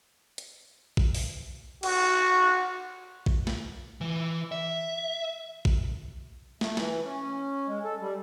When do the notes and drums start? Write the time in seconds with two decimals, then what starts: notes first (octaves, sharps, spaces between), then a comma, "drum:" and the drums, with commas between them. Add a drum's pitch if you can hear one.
0.38 drum: hi-hat
0.97 drum: kick A1
1.14 drum: open hi-hat
1.83 F#4, drum: cymbal
3.26 drum: kick A1
3.47 drum: snare
4.01 E3
4.52 E5
5.65 drum: kick A1
6.61 A3, drum: snare
6.77 E3, drum: snare
7.04 C#4
7.67 G#3
7.84 A4
8.00 G3